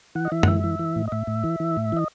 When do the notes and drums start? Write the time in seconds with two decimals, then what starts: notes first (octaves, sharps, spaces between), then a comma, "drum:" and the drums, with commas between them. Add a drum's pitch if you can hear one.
0.15 E3 F#5
0.25 D#5
0.32 E3 E5
0.43 F#5, drum: tom F#2
0.48 E3 E5
0.64 E3
0.79 E3
0.96 A2
1.07 D#5
1.12 A2 E5
1.27 A2
1.44 E3
1.60 E3
1.77 A2
1.92 E3 D#5